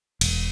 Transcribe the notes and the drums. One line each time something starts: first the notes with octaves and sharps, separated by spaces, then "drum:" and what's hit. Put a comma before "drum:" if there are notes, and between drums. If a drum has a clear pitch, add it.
E1, drum: cymbal